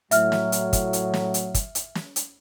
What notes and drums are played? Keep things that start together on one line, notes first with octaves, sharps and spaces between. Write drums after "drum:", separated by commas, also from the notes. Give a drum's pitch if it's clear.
A2 F#3 E5 F6, drum: hi-hat
drum: snare
drum: hi-hat
drum: kick, hi-hat
drum: hi-hat
drum: snare
drum: hi-hat
drum: kick, hi-hat
drum: hi-hat
drum: snare
drum: hi-hat